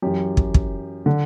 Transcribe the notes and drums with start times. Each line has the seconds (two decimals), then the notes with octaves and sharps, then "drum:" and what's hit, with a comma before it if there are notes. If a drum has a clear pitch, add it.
0.02 F#2 E3 G4
0.37 drum: kick
0.54 drum: kick
1.06 D3